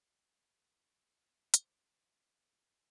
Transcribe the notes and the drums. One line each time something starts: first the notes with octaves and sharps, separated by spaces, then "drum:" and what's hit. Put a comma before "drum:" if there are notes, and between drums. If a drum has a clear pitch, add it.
A4 C5 A5 D6, drum: hi-hat